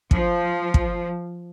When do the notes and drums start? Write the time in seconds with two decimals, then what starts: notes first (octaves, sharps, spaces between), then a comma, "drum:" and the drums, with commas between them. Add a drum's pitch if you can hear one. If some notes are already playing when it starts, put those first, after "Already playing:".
0.11 F3, drum: kick
0.74 drum: kick